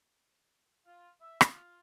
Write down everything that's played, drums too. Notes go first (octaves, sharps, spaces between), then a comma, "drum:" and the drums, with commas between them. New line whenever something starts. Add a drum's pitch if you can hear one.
F4
E5
F4, drum: rim click